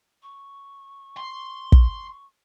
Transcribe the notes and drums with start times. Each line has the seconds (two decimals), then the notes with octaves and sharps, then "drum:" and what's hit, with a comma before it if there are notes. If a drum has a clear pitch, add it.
0.22 C#6
1.17 C6
1.72 drum: kick